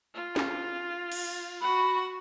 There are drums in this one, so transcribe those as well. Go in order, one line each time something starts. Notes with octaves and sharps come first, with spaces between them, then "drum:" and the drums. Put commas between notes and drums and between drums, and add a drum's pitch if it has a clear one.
F4
drum: snare
drum: cymbal
F#4 F#5 B5